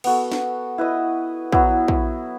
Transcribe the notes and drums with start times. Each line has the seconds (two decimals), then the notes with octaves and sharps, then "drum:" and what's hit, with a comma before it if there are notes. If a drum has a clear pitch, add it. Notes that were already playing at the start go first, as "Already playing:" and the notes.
0.04 B3 F#4 A4, drum: cymbal
0.32 drum: snare
0.78 E4 B4 D#5
1.52 F#3 B3 E4, drum: kick
1.88 drum: kick